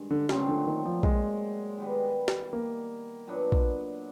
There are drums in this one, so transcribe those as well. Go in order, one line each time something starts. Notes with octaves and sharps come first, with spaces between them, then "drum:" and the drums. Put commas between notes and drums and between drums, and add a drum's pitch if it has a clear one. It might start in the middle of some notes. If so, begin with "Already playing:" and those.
Already playing: G2 D#3 G#3
D3
A#2 C#3 F#3 A3 C4, drum: snare
D3
D#3
F3
G#3, drum: kick
D#3 G3 B3
drum: snare
A#3
A#2 F#3 B3 D4
drum: kick